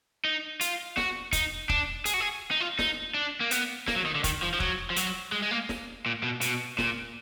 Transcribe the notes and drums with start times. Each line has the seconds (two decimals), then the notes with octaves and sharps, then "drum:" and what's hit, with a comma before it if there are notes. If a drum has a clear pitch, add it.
0.25 D#4
0.61 F4, drum: hi-hat
0.97 F#4, drum: snare
1.33 D#4, drum: kick, hi-hat
1.69 D4, drum: kick
2.05 G#4, drum: hi-hat
2.14 F#4
2.20 G#4
2.51 D#4
2.60 F4
2.79 D#4, drum: snare
3.14 D4
3.40 A#3
3.51 B3, drum: hi-hat
3.88 A#3, drum: snare
3.96 F#3
4.06 D#3
4.15 D3
4.24 D#3, drum: kick, hi-hat
4.42 F3
4.54 F3
4.60 F#3, drum: kick
4.90 F3
4.96 F#3, drum: hi-hat
5.32 G#3
5.42 G#3
5.51 A#3
5.69 drum: snare
6.06 A#2
6.23 B2
6.41 B2, drum: hi-hat
6.78 A#2, drum: snare